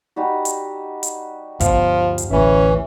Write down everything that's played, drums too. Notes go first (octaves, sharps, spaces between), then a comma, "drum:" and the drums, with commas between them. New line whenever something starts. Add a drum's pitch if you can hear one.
G3 D#4 F#4
drum: hi-hat
drum: hi-hat
D2 G2 F3 B3 F5, drum: kick, hi-hat
drum: hi-hat
A1 D2 E3 A3 C#4 E5 B5 C#6